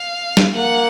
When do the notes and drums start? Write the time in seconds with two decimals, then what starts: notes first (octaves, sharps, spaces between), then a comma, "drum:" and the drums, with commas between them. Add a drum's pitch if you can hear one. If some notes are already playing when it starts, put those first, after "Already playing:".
Already playing: F5
0.37 drum: snare
0.56 A#3 F#5